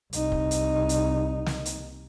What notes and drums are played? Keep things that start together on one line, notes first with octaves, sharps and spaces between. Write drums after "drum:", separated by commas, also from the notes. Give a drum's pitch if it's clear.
C2 D#4, drum: hi-hat
drum: kick
drum: hi-hat
drum: hi-hat
drum: snare
drum: hi-hat